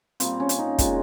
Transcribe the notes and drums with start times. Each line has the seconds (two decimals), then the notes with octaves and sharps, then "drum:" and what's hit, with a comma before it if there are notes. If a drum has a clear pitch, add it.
0.20 A#2 G3 A#3 C4, drum: hi-hat
0.40 C#4
0.49 drum: hi-hat
0.59 D#4
0.79 A#2 G#3, drum: kick, hi-hat